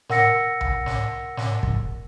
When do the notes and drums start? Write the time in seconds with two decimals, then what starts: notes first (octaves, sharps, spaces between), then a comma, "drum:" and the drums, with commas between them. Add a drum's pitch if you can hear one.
0.09 A#4 F#5 E6 A#6 C#7, drum: snare
0.61 drum: tom C2
0.86 drum: snare
1.37 drum: snare
1.63 drum: kick